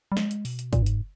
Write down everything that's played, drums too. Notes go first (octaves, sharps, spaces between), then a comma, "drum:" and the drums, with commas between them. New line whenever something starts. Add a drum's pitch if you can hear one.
G3
G#3, drum: snare
drum: hi-hat
B2, drum: open hi-hat
drum: hi-hat
A#2, drum: kick, hi-hat
G2
G#2, drum: hi-hat